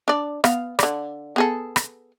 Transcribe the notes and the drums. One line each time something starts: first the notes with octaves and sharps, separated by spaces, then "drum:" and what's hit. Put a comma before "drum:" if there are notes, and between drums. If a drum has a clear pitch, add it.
D4 D5
B3 F5, drum: rim click
D3 D5, drum: rim click
B3 G#4 A4
drum: rim click